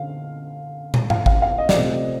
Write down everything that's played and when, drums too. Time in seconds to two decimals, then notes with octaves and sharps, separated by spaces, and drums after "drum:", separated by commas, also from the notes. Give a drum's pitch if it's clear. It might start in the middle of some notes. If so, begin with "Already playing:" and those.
Already playing: D3 F5
0.94 drum: tom
1.10 F5, drum: tom
1.26 F5, drum: kick G#1
1.42 F5
1.58 D#5
1.69 D5, drum: snare
1.74 C3 F3 A3 C4 D#5